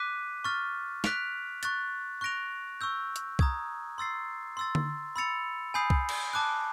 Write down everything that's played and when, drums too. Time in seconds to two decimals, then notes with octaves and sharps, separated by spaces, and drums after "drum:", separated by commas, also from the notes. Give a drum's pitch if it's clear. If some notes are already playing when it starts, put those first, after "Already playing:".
Already playing: D6 F#6 B6 D#7
0.44 C#6 F6 A6
1.04 F#6 B6 D7 F7, drum: snare
1.63 C#6 F#6 A6, drum: hi-hat
2.21 C#6 F#6 A#6 D7 F7
2.81 C#6 E6 G6
3.16 drum: hi-hat
3.39 A#5 D#6 G#6, drum: kick C2
3.98 C6 E6 A6 C7
4.57 C6 E6 A6
4.75 drum: tom D3
5.16 B5 E6 A6 C#7 F7
5.74 G#5 B5 D#6 G6 C7
5.90 drum: kick C2
6.09 drum: cymbal
6.33 A5 D6 F#6